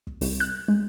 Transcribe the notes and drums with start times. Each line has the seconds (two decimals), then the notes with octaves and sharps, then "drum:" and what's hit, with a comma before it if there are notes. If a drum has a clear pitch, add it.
0.07 drum: kick
0.21 C2, drum: open hi-hat
0.40 F#6
0.68 G#3